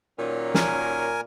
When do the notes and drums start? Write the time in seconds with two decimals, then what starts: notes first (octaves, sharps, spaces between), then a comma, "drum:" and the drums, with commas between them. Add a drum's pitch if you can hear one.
0.19 A#2 D#3 F#3 C#4
0.54 A#4 G#5, drum: snare